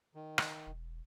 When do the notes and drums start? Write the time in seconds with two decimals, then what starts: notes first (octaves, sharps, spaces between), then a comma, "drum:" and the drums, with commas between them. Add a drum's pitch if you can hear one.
0.15 D#3
0.38 drum: rim click
0.67 E1